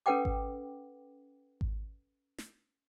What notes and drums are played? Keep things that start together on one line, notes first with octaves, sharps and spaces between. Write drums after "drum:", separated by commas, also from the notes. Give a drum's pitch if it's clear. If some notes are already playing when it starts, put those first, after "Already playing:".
C#4 A4 B4 F#5 G5 D6
drum: kick G#1
drum: kick G#1
drum: snare